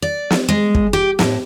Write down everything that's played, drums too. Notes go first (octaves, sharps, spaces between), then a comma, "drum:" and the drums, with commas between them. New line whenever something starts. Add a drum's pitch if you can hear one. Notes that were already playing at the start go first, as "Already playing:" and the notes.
D5
drum: snare
G#3
drum: kick
G4
A2, drum: snare